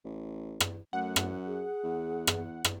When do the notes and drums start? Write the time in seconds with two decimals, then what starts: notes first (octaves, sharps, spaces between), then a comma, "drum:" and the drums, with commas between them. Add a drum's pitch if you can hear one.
0.05 A1
0.60 drum: rim click
0.93 F#2 A3 F#5
1.16 drum: rim click
1.46 G#4
1.84 E2
2.27 drum: rim click
2.65 drum: rim click